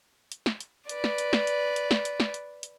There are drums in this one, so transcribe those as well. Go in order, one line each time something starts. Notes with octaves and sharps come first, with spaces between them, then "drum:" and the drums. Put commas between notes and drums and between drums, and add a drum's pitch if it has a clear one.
drum: hi-hat
drum: snare
drum: hi-hat
B4 D5, drum: hi-hat
drum: snare
drum: hi-hat
drum: snare
drum: hi-hat
drum: hi-hat
drum: snare
drum: hi-hat
drum: snare
drum: hi-hat
drum: hi-hat